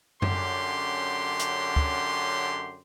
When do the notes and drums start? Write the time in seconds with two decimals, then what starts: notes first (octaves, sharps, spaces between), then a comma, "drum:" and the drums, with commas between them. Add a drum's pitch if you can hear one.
0.22 F#2 D3 C#4 G4 C6, drum: tom F#2
1.39 drum: hi-hat
1.76 drum: kick